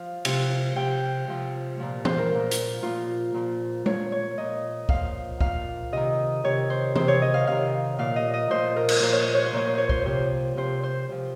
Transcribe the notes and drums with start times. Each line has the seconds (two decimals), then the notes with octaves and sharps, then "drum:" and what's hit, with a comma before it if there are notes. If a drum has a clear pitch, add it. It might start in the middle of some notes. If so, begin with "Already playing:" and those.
Already playing: F3 F5
0.25 C3 F3, drum: cymbal
0.76 C3 F3 G5
1.28 C3 F3
1.79 A#2 F3
2.05 C5, drum: tom E3
2.18 A#4
2.31 A#2 F3
2.51 drum: hi-hat
2.83 A#2 F3 F4
3.34 A#2 F3
3.86 A#2 F3 C#5, drum: tom G#3
4.12 C#5
4.37 A#2 F3 D#5
4.89 A#2 F3 F5, drum: kick
5.40 A#2 F3 F5, drum: kick
5.92 C3 D#3 D#5
6.44 C3 D#3 C#5
6.70 C5
6.96 C3 D#3 C5, drum: tom E3
7.08 C#5
7.22 D#5
7.34 F5
7.47 C3 D#3 F5
7.98 A#2 F3 F5
8.16 D#5
8.33 D#5
8.50 A#2 F3 C5
8.76 A#4
8.89 drum: cymbal
9.02 A#2 F3 C5
9.13 C#5
9.24 C5
9.35 C#5
9.46 C5
9.54 A#2 F3 C#5
9.67 C5
9.78 C#5
9.89 C5, drum: kick
10.05 C3 F3 C5
10.57 C3 F3 C5
10.83 C5
11.09 C3 F3